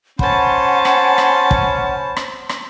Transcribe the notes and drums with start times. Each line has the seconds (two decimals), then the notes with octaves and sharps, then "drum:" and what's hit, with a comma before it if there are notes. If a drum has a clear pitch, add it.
0.19 C#4 C5 F#5 A5 B5, drum: kick
0.85 drum: rim click
1.18 drum: rim click
1.51 drum: kick
2.16 drum: rim click
2.49 drum: rim click